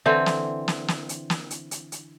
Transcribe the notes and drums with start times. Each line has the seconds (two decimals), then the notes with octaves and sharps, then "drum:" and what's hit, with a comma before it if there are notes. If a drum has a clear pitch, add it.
0.06 D3 E3 C4 G5
0.26 drum: snare
0.68 drum: snare
0.88 drum: snare
1.09 drum: hi-hat
1.30 drum: snare
1.50 drum: hi-hat
1.71 drum: hi-hat
1.92 drum: hi-hat